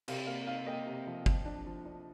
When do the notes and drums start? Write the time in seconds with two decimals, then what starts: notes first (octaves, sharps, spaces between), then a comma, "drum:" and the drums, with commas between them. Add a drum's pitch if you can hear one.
0.08 C3 F5, drum: cymbal
0.27 A#3 F5
0.47 D#4 F5
0.67 A#3 D#5 G5
0.87 C3
1.07 F3
1.26 F3, drum: kick
1.45 D4
1.66 F3
1.85 D4